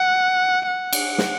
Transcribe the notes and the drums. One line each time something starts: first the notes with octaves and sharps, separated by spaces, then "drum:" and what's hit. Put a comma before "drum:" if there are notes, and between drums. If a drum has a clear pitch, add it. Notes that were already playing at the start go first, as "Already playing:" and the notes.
Already playing: F#5
F#5
drum: cymbal
drum: snare